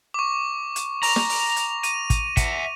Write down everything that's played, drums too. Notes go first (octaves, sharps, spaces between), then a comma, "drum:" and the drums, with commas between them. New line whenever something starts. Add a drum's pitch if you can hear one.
C#6 D6
drum: hi-hat
A#5 A#6 F7, drum: open hi-hat
drum: snare
drum: open hi-hat
drum: hi-hat
D#7, drum: hi-hat
drum: kick, hi-hat
E5 F#5, drum: kick, hi-hat